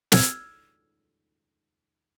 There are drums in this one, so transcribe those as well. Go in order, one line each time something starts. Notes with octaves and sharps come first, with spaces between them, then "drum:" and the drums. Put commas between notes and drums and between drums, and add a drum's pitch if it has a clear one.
E6 F6 G#6, drum: snare